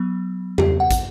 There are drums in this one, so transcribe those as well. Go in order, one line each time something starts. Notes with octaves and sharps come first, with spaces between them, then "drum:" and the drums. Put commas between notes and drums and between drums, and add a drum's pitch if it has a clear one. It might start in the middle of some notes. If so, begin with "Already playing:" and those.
Already playing: F#3 B3
G4, drum: tom E2
F#5
drum: kick, hi-hat